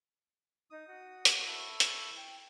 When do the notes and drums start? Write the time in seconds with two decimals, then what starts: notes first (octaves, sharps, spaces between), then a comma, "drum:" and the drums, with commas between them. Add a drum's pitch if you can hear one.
0.70 D#4 D#6
0.87 F#4
1.25 drum: hi-hat
1.45 E4 A4 C#6
1.80 drum: hi-hat
2.16 G5